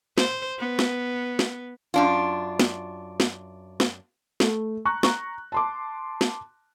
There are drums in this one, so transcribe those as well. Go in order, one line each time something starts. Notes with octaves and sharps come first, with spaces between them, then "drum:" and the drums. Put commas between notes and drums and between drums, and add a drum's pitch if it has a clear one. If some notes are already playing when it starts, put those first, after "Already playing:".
C5, drum: snare
B3
drum: snare
drum: snare
F#2 D4 F4
drum: snare
drum: snare
drum: snare
A3, drum: snare
A#5 C#6 F#6
A#5 C#6, drum: snare
A5 C6 D6
drum: snare